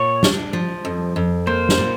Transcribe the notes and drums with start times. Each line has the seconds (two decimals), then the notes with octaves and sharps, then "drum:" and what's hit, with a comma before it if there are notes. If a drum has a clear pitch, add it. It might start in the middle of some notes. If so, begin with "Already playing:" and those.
Already playing: A#2 C#5
0.23 D4, drum: snare
0.53 F3
0.85 F2
1.16 F2
1.47 A#3 C5
1.69 drum: snare
1.78 A#2